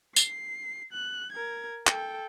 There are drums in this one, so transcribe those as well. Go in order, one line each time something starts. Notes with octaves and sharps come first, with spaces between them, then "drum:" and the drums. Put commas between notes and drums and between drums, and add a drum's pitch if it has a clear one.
C7, drum: tambourine
F#6
A#4 G#6
A4 G5, drum: clap